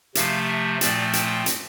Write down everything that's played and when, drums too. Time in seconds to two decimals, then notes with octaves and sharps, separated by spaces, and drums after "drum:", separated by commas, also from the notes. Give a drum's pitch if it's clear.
0.15 C3 F3 A3 F5, drum: hi-hat
0.48 E5
0.81 A#2 F3 A3 C4 D5, drum: hi-hat
1.13 G5, drum: hi-hat
1.46 drum: hi-hat